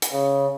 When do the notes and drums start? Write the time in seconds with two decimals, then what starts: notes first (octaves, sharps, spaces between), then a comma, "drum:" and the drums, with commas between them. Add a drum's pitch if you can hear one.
0.02 drum: hi-hat
0.13 C#3